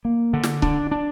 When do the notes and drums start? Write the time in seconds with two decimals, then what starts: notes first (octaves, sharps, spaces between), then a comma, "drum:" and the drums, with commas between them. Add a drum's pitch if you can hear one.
0.05 A#3
0.33 D3
0.43 drum: snare
0.62 D4, drum: kick C#1
0.91 D4